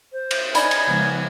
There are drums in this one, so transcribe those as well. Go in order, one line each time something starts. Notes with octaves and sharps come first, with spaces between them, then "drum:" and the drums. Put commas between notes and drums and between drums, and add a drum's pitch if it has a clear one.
C5
drum: cymbal
D#4 C#5 D5 G#5 B5, drum: hi-hat
drum: cymbal
C#3 F3 G#3 B3